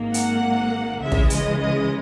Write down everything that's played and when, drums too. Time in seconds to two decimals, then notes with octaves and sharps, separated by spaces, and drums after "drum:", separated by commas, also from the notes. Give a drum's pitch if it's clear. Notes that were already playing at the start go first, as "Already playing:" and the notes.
Already playing: G#1 G#2 D#3 A#3
0.14 F#5, drum: hi-hat
1.01 C#2 C#3 E3 G#3 E5
1.12 drum: kick
1.30 D#5, drum: hi-hat
1.60 D#5